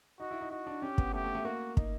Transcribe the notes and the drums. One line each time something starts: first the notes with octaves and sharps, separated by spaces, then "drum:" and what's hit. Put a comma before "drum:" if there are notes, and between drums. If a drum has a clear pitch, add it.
D#4 F#4
E4
D#4
D#4 F#4
D4
C#4 G4
B3, drum: kick
A3 G4
A3
A3
A#3 F#4
D#4, drum: kick